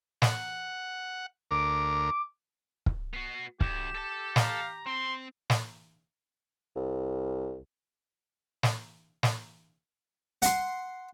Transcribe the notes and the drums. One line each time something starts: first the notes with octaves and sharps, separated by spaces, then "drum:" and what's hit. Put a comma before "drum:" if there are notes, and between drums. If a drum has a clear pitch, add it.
F#5, drum: snare
D2 A#4 D6
drum: kick
B3 F#4 C7
D2 G4 E7, drum: kick
A4 A5
F5 A#5, drum: snare
C4 C6
drum: snare
C2
drum: snare
drum: snare
F#5 C6, drum: hi-hat